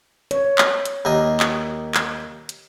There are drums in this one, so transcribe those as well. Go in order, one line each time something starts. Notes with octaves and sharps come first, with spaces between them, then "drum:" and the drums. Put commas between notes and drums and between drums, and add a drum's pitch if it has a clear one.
C#5, drum: hi-hat
drum: clap
drum: hi-hat
D#2 A#3 D#5
drum: clap
drum: clap
drum: hi-hat